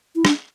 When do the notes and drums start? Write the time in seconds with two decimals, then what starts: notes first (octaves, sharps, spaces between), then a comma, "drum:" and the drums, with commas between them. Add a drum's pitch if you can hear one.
0.15 E4
0.25 D4, drum: rim click